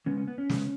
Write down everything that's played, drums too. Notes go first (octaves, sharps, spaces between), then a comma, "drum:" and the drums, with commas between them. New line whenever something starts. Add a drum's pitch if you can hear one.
C#3 G#3 B3 C#4
C#4
B3
C#4
C#3 G#3 B3, drum: snare